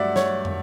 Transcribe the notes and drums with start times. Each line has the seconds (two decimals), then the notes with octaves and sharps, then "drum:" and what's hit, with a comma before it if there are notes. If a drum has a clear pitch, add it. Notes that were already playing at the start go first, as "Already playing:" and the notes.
Already playing: G2 F#3 A3 D5 E5 F#5
0.16 C#5, drum: snare
0.45 drum: tom